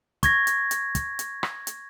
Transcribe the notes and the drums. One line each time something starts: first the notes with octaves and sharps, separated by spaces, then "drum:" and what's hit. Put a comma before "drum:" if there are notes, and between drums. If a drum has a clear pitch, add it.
C#6 G#6 A#6, drum: kick, hi-hat
drum: hi-hat
drum: hi-hat
drum: kick, hi-hat
drum: hi-hat
drum: rim click
drum: hi-hat